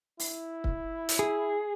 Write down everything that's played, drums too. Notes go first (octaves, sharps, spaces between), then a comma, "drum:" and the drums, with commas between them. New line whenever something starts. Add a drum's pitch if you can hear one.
E4, drum: open hi-hat
drum: kick C#1
drum: hi-hat
G#4